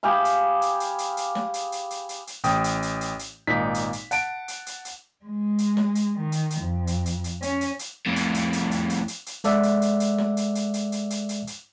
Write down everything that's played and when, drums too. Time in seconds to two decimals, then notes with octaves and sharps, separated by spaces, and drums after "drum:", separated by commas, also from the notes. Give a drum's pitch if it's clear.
0.03 G4 G#4 F5 B5
0.25 drum: hi-hat
0.62 drum: hi-hat
0.80 drum: hi-hat
0.98 drum: hi-hat
1.17 drum: hi-hat
1.35 drum: snare
1.54 drum: hi-hat
1.72 drum: hi-hat
1.90 drum: hi-hat
2.09 drum: hi-hat
2.27 drum: hi-hat
2.44 A1 G5 D#6, drum: hi-hat
2.64 drum: hi-hat
2.82 drum: hi-hat
3.01 drum: hi-hat
3.19 drum: hi-hat
3.47 G#1 A#2 D#4 B6
3.74 drum: hi-hat
3.93 drum: hi-hat
4.11 F#5 A5 D7, drum: hi-hat
4.48 drum: hi-hat
4.66 drum: hi-hat
4.85 drum: hi-hat
5.25 G#3
5.58 drum: hi-hat
5.77 drum: snare
5.95 drum: hi-hat
6.18 D#3
6.32 drum: hi-hat
6.50 drum: hi-hat
6.61 F2
6.87 drum: hi-hat
7.06 drum: hi-hat
7.24 drum: hi-hat
7.42 C#4, drum: hi-hat
7.61 drum: hi-hat
7.79 drum: hi-hat
8.06 F2 A2
8.16 drum: hi-hat
8.34 drum: hi-hat
8.53 drum: hi-hat
8.71 drum: hi-hat
8.90 drum: hi-hat
9.08 drum: hi-hat
9.26 drum: hi-hat
9.44 G#3 A4 D5 E5 F#5, drum: hi-hat
9.63 drum: hi-hat
9.82 drum: hi-hat
10.00 drum: hi-hat
10.18 drum: snare
10.37 drum: hi-hat
10.55 drum: hi-hat
10.74 drum: hi-hat
10.92 drum: hi-hat
11.10 drum: hi-hat
11.29 drum: hi-hat
11.47 drum: hi-hat